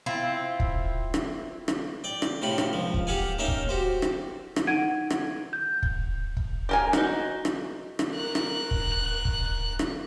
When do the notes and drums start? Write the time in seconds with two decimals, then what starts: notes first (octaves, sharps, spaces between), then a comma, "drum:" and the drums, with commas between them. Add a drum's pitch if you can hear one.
0.06 C4 E4 F4
0.60 drum: kick
1.14 drum: rim click
1.68 drum: rim click
2.04 D5 G5
2.22 drum: rim click
2.42 A2 C3 F4 G5 B5
2.58 drum: rim click
2.73 C#2 F3
2.94 drum: kick
3.07 G4 A4 F5 F#5 G#5
3.39 A#3 C#4 D#4 E5 F5 G5
3.48 drum: kick
3.69 F#4 G4 C5
4.02 drum: rim click
4.56 drum: rim click
4.67 D#4 F#5 G#6 D7 D#7
5.10 drum: rim click
5.53 G6
5.83 drum: kick
6.37 drum: kick
6.69 G4 A#4 G#5
6.93 D#4 F#4, drum: rim click
7.45 drum: rim click
7.99 drum: rim click
8.14 A#4 F#6
8.35 drum: rim click
8.71 drum: kick
9.25 drum: kick
9.79 drum: rim click